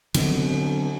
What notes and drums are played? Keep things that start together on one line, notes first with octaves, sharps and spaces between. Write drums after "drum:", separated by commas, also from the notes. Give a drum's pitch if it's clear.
D3 F#3 B3 C4, drum: cymbal